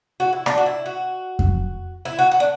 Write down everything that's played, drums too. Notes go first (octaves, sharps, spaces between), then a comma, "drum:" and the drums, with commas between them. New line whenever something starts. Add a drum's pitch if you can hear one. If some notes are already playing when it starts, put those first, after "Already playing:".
F#4
E4
D4, drum: rim click
F#4
E4
F#4
drum: kick F2
E4
F#4
F#4
D4